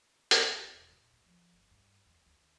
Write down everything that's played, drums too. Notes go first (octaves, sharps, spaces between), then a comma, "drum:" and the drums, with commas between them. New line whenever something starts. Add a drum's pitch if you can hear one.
B1, drum: hi-hat
G3
E1
A#2
D4
F3
G1
G2
E2
D#2